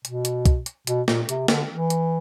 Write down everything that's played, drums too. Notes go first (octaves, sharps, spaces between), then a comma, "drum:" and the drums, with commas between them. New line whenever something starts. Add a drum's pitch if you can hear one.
B2, drum: hi-hat
drum: hi-hat
drum: kick, hi-hat
drum: hi-hat
B2, drum: hi-hat
A#2, drum: snare
C3, drum: hi-hat
D3, drum: snare
E3
drum: hi-hat